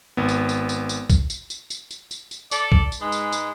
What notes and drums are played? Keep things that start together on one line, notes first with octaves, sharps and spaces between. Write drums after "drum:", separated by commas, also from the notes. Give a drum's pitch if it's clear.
G#1 B3
drum: tambourine
drum: tambourine
drum: tambourine
drum: tambourine
drum: kick A#1, tambourine
drum: tambourine
drum: tambourine
drum: tambourine
drum: tambourine
drum: tambourine
drum: tambourine
A4 D5, drum: tambourine
drum: kick A#1
drum: tambourine
G#2 G#3 B4
drum: tambourine
drum: tambourine